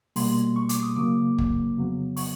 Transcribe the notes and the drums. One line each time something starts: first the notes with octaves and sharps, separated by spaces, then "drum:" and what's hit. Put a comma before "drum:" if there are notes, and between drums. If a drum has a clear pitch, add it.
B2 G3 A#3 C6, drum: open hi-hat
C#6
D6, drum: hi-hat
D#6
C#3 F#3 A#3 D6
drum: kick
F2 C#3 F#3 B3
C#6, drum: open hi-hat